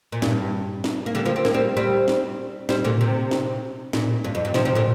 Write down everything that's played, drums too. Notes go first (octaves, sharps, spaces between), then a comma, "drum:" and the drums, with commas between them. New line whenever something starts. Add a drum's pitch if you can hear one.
A#2
G2, drum: snare
drum: snare
A#3
D3 G3
F3 A#3
C4
A#3, drum: snare
G3 C4
G3 C4
drum: snare
G3 C4, drum: snare
A#2 D3
C3
drum: snare
A#2, drum: snare
G2
F2
G2
C3 F3, drum: snare
C3 F3
A#2 D3